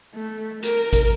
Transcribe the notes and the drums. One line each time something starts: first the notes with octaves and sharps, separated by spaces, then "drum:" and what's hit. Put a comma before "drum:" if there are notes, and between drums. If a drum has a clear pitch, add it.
A3
A#4, drum: hi-hat
drum: kick G#1, hi-hat